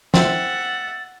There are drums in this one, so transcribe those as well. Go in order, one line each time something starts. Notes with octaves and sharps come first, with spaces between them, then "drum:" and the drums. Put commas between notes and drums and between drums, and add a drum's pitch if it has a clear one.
C4 E4 E5 F#5 A6, drum: snare